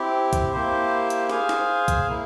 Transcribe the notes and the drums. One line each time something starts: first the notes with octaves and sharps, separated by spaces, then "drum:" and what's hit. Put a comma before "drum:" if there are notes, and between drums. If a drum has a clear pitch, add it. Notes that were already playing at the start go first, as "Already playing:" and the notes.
Already playing: C4 E4 G4
drum: kick C2, hi-hat
A#3 E4 G4 C5
drum: hi-hat
G#4 C5 F5 G#5, drum: snare
drum: snare
drum: kick C2, hi-hat
A#3 E4